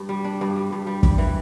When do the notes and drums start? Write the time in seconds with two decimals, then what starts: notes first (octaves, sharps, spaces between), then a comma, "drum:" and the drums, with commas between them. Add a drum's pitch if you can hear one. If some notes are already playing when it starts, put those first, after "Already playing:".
Already playing: G2
0.09 G3
0.24 D4
0.41 G2
0.56 G3
0.72 G2
0.87 G3
1.03 G3, drum: kick
1.18 E3